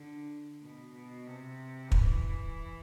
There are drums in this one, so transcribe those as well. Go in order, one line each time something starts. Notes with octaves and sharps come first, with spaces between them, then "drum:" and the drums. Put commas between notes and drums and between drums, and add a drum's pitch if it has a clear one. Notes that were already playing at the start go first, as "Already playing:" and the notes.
Already playing: D3
B2
B2
C3
E3, drum: kick